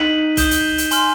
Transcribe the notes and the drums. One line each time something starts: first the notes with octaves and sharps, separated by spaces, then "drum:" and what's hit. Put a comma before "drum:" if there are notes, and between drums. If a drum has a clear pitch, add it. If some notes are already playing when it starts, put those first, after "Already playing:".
Already playing: D#4 F#6 B6 D#7 F#7
D#6 G6 C7 E7 G7, drum: kick B1, hi-hat
drum: hi-hat
drum: hi-hat
G#5 C6 F6, drum: hi-hat